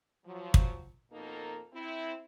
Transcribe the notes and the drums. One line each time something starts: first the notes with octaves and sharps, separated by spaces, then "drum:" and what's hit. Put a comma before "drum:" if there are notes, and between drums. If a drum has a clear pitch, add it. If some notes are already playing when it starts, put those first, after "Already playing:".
F3 F#3
drum: kick
F2 B2 A#3 D#4 A4 A#4
C4 E4